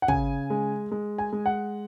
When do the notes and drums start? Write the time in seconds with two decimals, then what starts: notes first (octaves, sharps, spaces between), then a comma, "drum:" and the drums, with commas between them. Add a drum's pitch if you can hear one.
0.02 F#5
0.08 C#3 G#5, drum: kick
0.50 G#3
0.91 G#3
1.18 G#5
1.33 G#3
1.46 F#5